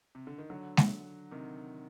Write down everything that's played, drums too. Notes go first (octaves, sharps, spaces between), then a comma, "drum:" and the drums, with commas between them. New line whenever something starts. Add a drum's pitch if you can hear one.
C3
D3
D#3
D3 F#3
drum: snare G#3
C3 D#3